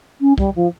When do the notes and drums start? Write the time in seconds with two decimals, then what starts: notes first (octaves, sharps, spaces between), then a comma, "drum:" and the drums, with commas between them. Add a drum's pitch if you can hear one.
0.21 C#4
0.38 G3, drum: kick
0.55 F3